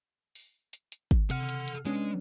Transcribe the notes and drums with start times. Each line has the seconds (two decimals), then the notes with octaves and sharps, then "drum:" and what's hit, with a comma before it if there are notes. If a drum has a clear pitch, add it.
0.35 drum: open hi-hat
0.73 drum: hi-hat
0.92 drum: hi-hat
1.11 drum: kick
1.30 C3 A4 F#5 F6, drum: hi-hat
1.49 drum: hi-hat
1.68 drum: hi-hat
1.85 G#3 B3 C#4 D4, drum: open hi-hat